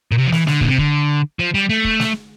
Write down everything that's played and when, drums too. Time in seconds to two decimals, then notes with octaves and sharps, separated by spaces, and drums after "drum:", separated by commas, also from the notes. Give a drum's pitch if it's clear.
0.11 A#2
0.17 C3
0.26 F3
0.32 E3, drum: snare
0.47 D3, drum: snare
0.61 A#2, drum: kick
0.69 C3
0.78 D3, drum: kick
1.39 F3
1.54 G3
1.69 A3
1.84 drum: kick
2.00 drum: snare